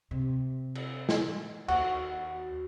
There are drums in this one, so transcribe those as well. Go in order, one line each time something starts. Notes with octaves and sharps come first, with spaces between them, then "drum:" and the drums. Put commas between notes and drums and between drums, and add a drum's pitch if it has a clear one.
C3
drum: cymbal
drum: snare
D#2 F#4, drum: cymbal